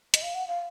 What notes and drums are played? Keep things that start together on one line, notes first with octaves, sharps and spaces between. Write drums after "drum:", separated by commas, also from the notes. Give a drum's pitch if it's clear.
D#5, drum: hi-hat
F5
F#5
F5